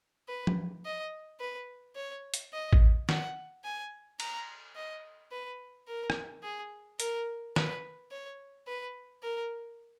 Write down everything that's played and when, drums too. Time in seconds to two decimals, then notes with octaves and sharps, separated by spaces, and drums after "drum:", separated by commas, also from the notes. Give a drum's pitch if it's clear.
0.28 B4
0.47 drum: tom F3
0.85 D#5
1.40 B4
1.96 C#5
2.34 drum: hi-hat
2.53 D#5
2.73 drum: kick A1
3.09 F#5, drum: snare
3.64 G#5
4.20 A#5, drum: cymbal
4.76 D#5
5.31 B4
5.88 A#4
6.10 drum: rim click
6.43 G#4
7.00 A#4, drum: hi-hat
7.56 B4, drum: snare
8.11 C#5
8.67 B4
9.23 A#4